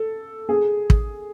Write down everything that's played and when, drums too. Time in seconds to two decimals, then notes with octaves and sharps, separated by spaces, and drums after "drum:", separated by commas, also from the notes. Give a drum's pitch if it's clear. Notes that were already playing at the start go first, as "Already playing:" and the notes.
Already playing: A4
0.49 G#4
0.90 drum: kick